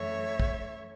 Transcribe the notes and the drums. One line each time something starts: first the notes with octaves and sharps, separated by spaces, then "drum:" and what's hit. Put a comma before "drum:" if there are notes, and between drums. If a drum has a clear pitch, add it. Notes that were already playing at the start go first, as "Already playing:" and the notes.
Already playing: F#2 E3 A3 C#5 E5
drum: kick